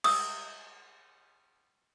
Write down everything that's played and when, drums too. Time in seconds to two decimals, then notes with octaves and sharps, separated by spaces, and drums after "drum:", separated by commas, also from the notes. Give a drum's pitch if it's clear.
0.04 D#6 E6, drum: cymbal